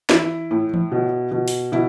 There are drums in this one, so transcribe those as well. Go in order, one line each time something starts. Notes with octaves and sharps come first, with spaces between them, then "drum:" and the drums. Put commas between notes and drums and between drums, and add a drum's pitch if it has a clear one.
E3 E4, drum: snare
A2
drum: tom E3
B2
B2
drum: open hi-hat
B2 E4